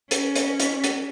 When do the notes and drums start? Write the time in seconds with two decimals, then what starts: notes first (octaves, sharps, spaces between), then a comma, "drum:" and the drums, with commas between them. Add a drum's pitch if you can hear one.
0.11 C#4, drum: hi-hat
0.35 drum: hi-hat
0.60 drum: hi-hat
0.84 drum: hi-hat